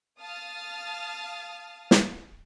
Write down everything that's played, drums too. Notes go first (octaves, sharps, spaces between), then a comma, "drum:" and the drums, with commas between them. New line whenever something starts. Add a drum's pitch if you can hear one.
F5 A5 D#6 F6 A6
drum: snare